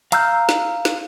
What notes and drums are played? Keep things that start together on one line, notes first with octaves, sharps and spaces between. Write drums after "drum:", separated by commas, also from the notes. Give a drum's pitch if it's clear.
F5 A#5 E6 F6 G6, drum: hi-hat
drum: snare
drum: snare